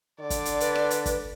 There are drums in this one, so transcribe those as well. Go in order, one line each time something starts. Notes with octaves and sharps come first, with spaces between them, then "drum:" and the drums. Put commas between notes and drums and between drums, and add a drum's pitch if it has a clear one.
D3 D5
drum: kick, hi-hat
drum: hi-hat
B4, drum: hi-hat
drum: rim click
drum: hi-hat
drum: kick, hi-hat